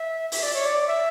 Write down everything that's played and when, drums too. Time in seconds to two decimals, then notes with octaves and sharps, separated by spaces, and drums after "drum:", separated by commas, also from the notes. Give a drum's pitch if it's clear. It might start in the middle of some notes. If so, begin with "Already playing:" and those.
Already playing: E5
0.32 E5, drum: open hi-hat
0.43 D5
0.54 C#5
0.66 D5
0.88 E5